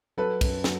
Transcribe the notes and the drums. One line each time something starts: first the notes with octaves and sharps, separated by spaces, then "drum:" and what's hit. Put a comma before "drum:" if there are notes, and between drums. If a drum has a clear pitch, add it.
F#3 A4 B4
F#2, drum: kick, cymbal
F#3, drum: snare